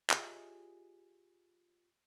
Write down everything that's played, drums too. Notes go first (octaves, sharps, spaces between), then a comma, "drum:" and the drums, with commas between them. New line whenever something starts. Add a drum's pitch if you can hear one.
F4 G4 G#4 C#5 D#5 E5, drum: clap